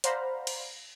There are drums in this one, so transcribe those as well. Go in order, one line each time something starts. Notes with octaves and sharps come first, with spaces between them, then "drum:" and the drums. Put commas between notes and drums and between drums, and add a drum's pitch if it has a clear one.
C5 D5 F5 F#5 A#5 B5, drum: hi-hat
drum: cymbal